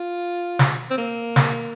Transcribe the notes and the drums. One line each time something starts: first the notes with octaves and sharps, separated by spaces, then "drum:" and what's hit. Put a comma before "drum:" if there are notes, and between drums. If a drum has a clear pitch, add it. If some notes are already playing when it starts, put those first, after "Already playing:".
Already playing: F4
drum: snare
C4
A#3
drum: snare